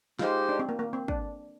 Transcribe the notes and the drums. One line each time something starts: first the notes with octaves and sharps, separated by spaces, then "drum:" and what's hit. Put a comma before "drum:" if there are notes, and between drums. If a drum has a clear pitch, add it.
G#3 D#4 F4 G4 C5, drum: snare
D4
C4
A#3
A#3
C4
D4, drum: kick